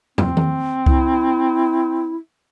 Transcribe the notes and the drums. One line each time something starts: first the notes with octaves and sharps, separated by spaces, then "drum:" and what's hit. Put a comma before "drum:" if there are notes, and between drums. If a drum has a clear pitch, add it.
C4, drum: tom
drum: tom D#3
E4, drum: kick C2